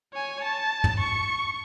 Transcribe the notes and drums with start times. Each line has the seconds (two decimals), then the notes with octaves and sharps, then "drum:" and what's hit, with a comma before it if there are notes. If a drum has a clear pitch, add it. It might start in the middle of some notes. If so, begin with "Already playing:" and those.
0.14 C#5 G#5
0.44 A5
0.84 drum: tom
1.00 C#6